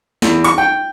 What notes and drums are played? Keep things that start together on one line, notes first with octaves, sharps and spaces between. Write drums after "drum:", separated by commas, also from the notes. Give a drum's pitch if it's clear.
E2, drum: snare
C#6, drum: hi-hat
G5